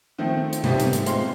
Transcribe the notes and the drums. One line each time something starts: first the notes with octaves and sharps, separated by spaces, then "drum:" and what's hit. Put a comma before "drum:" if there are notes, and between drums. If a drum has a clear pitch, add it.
D#3 F3 A3 C4
drum: hi-hat
G#2 G3 A3 B3 C4, drum: tom B2
drum: hi-hat
drum: hi-hat
G#3 A3 C4 F4 C6, drum: hi-hat